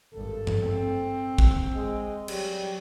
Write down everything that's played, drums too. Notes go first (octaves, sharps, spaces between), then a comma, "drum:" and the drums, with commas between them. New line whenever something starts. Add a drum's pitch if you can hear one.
G#1 G2 A4
drum: tom G2
C4
drum: kick
G#3
F#3 G3, drum: cymbal